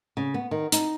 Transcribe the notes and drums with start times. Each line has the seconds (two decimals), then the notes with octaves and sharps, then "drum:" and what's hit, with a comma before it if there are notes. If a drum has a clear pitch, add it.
0.17 C#3
0.34 B3
0.51 D#3
0.72 D#4, drum: hi-hat